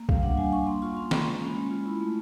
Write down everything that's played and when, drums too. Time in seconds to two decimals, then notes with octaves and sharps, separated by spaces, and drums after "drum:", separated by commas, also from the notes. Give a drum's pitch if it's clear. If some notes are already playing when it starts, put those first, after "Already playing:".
Already playing: A#3
0.09 G3 F5, drum: kick
0.23 D4 F#5
0.37 G3 G#5
0.52 D4 C#6
0.67 A#3 C6
0.82 F4 C#6
0.97 C#4 C6
1.11 A#3 B5, drum: snare
1.26 G#3
1.41 C#4
1.56 G#3
1.71 F4
1.86 E4
2.01 A3